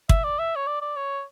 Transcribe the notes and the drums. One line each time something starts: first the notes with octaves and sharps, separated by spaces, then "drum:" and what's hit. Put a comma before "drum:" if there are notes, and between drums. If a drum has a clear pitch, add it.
E5, drum: kick
D5
E5
C#5
D5
D5
C#5